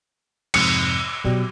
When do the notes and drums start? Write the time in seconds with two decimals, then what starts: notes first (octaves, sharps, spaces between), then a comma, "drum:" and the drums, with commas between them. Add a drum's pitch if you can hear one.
0.54 F2 G#2 C3 C#7, drum: cymbal
1.24 B2 F#3 G4 D5